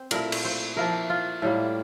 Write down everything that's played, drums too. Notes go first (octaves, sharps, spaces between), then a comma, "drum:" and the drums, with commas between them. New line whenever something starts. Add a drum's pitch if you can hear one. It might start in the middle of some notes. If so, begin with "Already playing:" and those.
Already playing: C4 C5
A#2 A3 E4 A#4, drum: cymbal
drum: cymbal
C5
F3 A#3 E4 A#4
F4
A2 G3 A#3